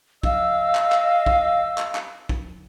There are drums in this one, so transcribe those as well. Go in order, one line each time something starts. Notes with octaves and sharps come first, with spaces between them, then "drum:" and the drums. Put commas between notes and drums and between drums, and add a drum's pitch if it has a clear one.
D#5 F5 E6, drum: kick
drum: clap
drum: clap
drum: kick
drum: clap
drum: clap
drum: kick